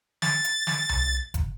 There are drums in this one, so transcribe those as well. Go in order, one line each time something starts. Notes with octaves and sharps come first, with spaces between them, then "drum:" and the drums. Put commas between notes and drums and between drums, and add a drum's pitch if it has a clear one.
A6, drum: snare
drum: hi-hat
drum: snare
drum: tom C2
drum: kick F#1, hi-hat